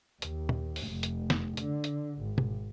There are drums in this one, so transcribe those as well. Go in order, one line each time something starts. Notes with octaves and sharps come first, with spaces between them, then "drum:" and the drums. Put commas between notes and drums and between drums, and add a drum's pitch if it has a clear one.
D#2, drum: hi-hat
drum: tom
drum: open hi-hat
F1
drum: hi-hat
drum: snare
D3, drum: hi-hat
drum: hi-hat
G#1
drum: tom B2